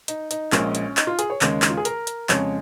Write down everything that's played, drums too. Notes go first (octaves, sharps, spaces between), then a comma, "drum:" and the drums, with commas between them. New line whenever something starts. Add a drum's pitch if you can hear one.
D#4, drum: hi-hat
D#4, drum: hi-hat
A#1 A#2 G#3 C#4, drum: clap
drum: hi-hat
D#4, drum: clap
F4
G#4, drum: hi-hat
C#5
D#2 C#3 G#3, drum: clap
D#4, drum: clap
F4
G#4
A#4, drum: hi-hat
drum: hi-hat
F2 C#3 G#3 C#5, drum: clap